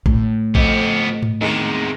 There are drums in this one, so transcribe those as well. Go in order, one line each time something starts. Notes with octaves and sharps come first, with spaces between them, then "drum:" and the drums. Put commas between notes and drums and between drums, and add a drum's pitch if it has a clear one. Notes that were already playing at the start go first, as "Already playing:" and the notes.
A2, drum: kick
F2 B3 G4, drum: kick
drum: tom G#2
E2 C3 D#3 G#3